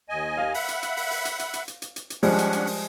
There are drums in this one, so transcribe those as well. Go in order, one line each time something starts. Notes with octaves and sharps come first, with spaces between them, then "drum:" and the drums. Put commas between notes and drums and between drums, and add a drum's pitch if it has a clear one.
D#2 D#5 G#5
F5
E5 F#5 B5, drum: open hi-hat
drum: hi-hat
drum: hi-hat
drum: open hi-hat
drum: open hi-hat
drum: hi-hat
drum: hi-hat
drum: hi-hat
drum: hi-hat
drum: hi-hat
drum: hi-hat
drum: hi-hat
F3 G3 G#3 C#4 D4 F#5, drum: open hi-hat
drum: hi-hat
drum: hi-hat
drum: open hi-hat